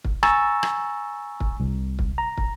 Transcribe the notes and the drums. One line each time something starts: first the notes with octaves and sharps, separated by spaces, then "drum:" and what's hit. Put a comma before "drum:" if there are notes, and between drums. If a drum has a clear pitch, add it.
drum: kick
G#5 A#5 C#6 E6 A6, drum: rim click
drum: rim click
drum: kick
C2
drum: kick
A#5
drum: kick